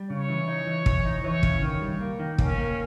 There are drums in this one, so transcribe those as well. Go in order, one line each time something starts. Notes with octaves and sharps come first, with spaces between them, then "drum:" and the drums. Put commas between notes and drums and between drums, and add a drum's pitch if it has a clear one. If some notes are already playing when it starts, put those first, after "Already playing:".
Already playing: G3
C#3 C#5
E3
D#4
E3
E3, drum: kick
D#4
E3 C#5
C#3, drum: kick
D#3
G3
A#3
D#3
A#3 C#4, drum: kick
A#3